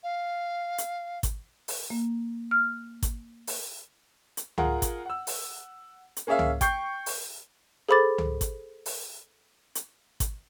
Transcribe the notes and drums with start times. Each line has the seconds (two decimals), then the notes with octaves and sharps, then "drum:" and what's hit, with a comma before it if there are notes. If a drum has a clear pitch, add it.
0.04 F5
0.78 drum: hi-hat
1.23 drum: kick G#1, hi-hat
1.68 drum: open hi-hat
1.90 A#3
2.51 F6
3.03 drum: kick G#1, hi-hat
3.47 drum: open hi-hat
4.37 drum: hi-hat
4.58 F4 G#4 A#4 F#5, drum: tom C#2
4.82 drum: kick G#1, hi-hat
5.06 F#5 E6
5.27 drum: open hi-hat
6.16 drum: hi-hat
6.27 A#3 C#4 G#4 E5 F5
6.39 drum: tom C#2
6.61 G5 C#6 G6 C7, drum: kick G#1, hi-hat
7.06 drum: open hi-hat
7.89 G#4 A4 C5 B5 D6 A6
8.18 drum: tom C#2
8.41 drum: kick G#1, hi-hat
8.86 drum: open hi-hat
9.75 drum: hi-hat
10.20 drum: kick G#1, hi-hat